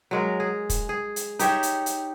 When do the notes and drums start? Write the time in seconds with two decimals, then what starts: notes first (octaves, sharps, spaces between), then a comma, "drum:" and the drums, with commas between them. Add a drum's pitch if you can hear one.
0.11 F#3 G#3 A#4
0.40 G#4
0.70 drum: kick, hi-hat
0.89 G#4
1.16 drum: hi-hat
1.39 D#4 G4 C#5 E5, drum: hi-hat
1.63 drum: hi-hat
1.86 drum: hi-hat